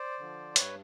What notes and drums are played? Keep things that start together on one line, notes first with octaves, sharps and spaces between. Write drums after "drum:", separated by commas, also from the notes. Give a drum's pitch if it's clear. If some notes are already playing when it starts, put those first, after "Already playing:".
Already playing: C5 D5
D3 F3
G2 B4 C#5, drum: hi-hat